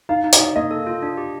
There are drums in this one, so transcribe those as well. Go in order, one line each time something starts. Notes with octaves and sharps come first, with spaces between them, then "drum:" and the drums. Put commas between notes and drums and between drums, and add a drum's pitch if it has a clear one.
D#4 F5
D#4
D#5, drum: hi-hat
D#4
A#3 D#5
A4
F4
D4
G4